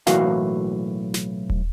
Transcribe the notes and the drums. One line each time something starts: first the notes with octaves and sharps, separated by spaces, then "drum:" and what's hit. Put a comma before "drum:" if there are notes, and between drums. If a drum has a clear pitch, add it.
B1 A2 E3 A#3 F#4 F5, drum: snare
drum: snare
drum: kick D#1